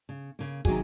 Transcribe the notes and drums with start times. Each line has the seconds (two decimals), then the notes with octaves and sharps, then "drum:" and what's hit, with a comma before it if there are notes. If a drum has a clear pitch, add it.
0.09 C#3
0.39 C#3 A#3
0.65 C3 D#3 F#3 A#3 F#4 G#4, drum: kick